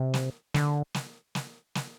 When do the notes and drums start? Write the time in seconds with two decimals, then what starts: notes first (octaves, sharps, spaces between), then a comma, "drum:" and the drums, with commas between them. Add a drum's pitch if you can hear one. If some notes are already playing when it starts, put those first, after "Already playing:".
Already playing: C3
0.14 drum: snare
0.54 D3, drum: snare
0.94 drum: snare
1.35 drum: snare
1.75 drum: snare